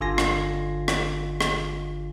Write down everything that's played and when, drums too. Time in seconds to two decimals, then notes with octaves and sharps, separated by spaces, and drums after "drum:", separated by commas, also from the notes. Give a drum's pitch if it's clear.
0.01 G1 D3 F4 G#5 C6 A#6
0.18 drum: rim click
0.88 drum: rim click
1.41 drum: rim click